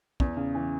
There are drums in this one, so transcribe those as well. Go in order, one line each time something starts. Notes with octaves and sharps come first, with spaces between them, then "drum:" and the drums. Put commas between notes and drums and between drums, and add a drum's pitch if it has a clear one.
E2, drum: kick
C#3
E3